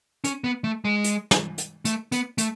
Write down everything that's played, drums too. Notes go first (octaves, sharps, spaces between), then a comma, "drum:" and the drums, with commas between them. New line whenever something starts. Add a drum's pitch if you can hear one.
C#4, drum: hi-hat
B3
A3
G#3
drum: hi-hat
drum: snare
drum: hi-hat
A3, drum: hi-hat
B3, drum: hi-hat
A3, drum: hi-hat